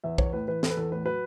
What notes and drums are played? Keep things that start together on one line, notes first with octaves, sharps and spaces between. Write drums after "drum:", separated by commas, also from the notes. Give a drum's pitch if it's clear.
E2 E5
E2 C#5, drum: kick
A2 B4
E3 B4
E2 A4, drum: snare
B4
E2 A4
A2 B4
F#3 B4